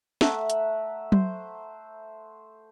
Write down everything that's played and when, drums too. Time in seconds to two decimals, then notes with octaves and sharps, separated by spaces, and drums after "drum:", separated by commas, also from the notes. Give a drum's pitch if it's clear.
0.21 A3 E5 F#5 A#5, drum: snare
0.50 drum: hi-hat
1.12 C5, drum: tom F#3